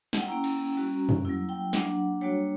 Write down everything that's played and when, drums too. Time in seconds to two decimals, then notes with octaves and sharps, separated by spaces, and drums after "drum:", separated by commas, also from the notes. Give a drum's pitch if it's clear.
0.13 F#5, drum: snare
0.20 G5
0.27 A#3 C#4 E4 A#5
0.44 drum: cymbal
0.76 G3 C#4 F#4
1.09 drum: tom F2
1.25 F#3 A#3 E4
1.49 G5
1.73 F#3 A#3 D4 F#5, drum: snare
2.21 G3 A#3 D4 F#4 C#5